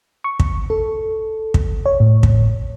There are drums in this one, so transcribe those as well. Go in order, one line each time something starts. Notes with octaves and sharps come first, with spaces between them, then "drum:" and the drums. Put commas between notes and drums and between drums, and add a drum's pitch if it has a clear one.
C#6
drum: kick
A4
drum: kick
C#5
A2
drum: kick